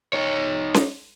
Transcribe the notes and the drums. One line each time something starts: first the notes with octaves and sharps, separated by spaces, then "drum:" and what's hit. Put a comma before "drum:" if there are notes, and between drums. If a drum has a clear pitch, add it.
D#4 C#5
drum: snare C#4